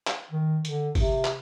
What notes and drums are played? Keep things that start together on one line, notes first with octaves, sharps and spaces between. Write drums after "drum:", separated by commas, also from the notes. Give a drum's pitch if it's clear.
drum: clap
D#3
D3, drum: hi-hat
C3, drum: kick G1, open hi-hat
drum: clap